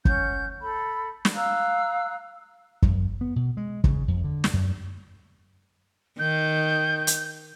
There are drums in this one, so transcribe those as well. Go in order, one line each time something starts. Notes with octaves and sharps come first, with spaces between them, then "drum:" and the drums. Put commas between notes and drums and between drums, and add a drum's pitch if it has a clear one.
C#4 F#5 G6, drum: kick
A4 B5
drum: snare
F5 A#5 E6 F#6
F#2, drum: kick
B3
B2
G#3
C#3, drum: kick
F2
D3
drum: snare
F#2
D#3 G6
drum: hi-hat